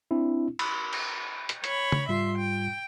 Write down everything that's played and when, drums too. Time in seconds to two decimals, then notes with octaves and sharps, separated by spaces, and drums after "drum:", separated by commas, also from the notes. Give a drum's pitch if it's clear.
0.11 C4 D4 E4
0.59 B5, drum: cymbal
0.93 drum: cymbal
1.49 drum: hi-hat
1.64 C#5 B5, drum: hi-hat
1.92 drum: tom C#3
2.08 G#2 G3 F4 E5 C6
2.38 G5